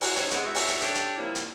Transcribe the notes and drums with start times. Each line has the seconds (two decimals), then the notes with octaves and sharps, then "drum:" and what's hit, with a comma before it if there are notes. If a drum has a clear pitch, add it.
0.01 E3 F#4, drum: open hi-hat
0.16 C#4 D#4 E4 C5 C#5, drum: hi-hat
0.31 G#3 B3 C4, drum: hi-hat
0.45 E2 F#4 E5
0.55 drum: open hi-hat
0.68 drum: hi-hat
0.81 D4 G4 A4 C#5 D5, drum: hi-hat
0.95 drum: hi-hat
1.17 C3 F3 G3 A#3 E4
1.35 drum: hi-hat